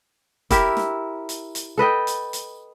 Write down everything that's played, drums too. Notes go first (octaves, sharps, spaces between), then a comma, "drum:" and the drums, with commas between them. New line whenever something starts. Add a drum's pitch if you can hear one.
E4 G4 A#4 E5, drum: kick, hi-hat
drum: snare
drum: hi-hat
drum: hi-hat
A4 B4 D#5 G5
drum: hi-hat
drum: hi-hat